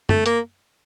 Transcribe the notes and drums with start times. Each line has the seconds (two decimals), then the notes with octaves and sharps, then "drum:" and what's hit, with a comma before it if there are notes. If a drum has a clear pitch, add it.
0.09 A3, drum: tom F#2
0.26 A#3, drum: hi-hat